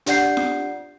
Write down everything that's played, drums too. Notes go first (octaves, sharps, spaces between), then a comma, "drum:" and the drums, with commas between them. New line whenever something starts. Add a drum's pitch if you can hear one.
D4 G4 D5 F#5 G6 C7, drum: hi-hat
drum: snare F4